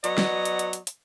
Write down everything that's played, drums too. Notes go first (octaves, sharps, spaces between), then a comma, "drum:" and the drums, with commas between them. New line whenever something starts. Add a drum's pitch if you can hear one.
F#3 B3 D5 D#5, drum: hi-hat
drum: snare
drum: hi-hat
drum: hi-hat
drum: hi-hat
drum: hi-hat